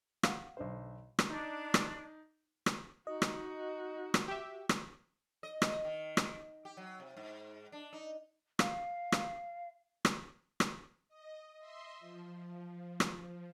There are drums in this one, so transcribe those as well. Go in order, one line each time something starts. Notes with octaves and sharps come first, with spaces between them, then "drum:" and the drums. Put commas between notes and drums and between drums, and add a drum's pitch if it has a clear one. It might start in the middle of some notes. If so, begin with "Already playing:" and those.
F5 F#5, drum: rim click
B1 D3 C5
drum: rim click
D4 D#4
drum: rim click
drum: rim click
D#4 F#4 D#5
drum: rim click
drum: rim click
G4 E5
drum: rim click
D#5
drum: rim click
D#5
D#3
drum: rim click
G4
F#3
C3
G#2
D4
D#4
F5, drum: rim click
drum: rim click
drum: rim click
drum: rim click
D#5
D#5 E5 C6
F3
drum: rim click